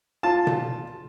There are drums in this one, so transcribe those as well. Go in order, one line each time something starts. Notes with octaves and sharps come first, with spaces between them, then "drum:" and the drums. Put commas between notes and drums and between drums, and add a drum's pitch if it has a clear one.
F4 A5
drum: tom B2